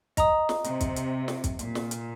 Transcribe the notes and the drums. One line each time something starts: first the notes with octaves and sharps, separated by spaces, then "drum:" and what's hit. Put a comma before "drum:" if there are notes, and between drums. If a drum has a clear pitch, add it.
D#5 A#5 D#6, drum: kick, hi-hat
drum: snare
C3, drum: hi-hat
drum: kick, hi-hat
drum: hi-hat
drum: snare
drum: kick, hi-hat
A#2, drum: hi-hat
drum: snare
drum: hi-hat